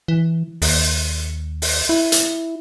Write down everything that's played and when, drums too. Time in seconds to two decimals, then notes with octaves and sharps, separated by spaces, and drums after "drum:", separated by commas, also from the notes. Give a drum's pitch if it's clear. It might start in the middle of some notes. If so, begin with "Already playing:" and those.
0.08 E3
0.62 D#2, drum: open hi-hat
1.62 drum: open hi-hat
1.89 E4
2.12 drum: hi-hat